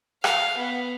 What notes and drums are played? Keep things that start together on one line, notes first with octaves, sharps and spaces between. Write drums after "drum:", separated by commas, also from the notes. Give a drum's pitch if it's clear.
F5, drum: rim click
B3